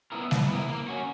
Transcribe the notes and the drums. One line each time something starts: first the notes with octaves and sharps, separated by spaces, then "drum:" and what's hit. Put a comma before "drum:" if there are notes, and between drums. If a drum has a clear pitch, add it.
B3 E4 A#4
E3, drum: snare G3
B3 E4 A#4
A#3
C#4 F#4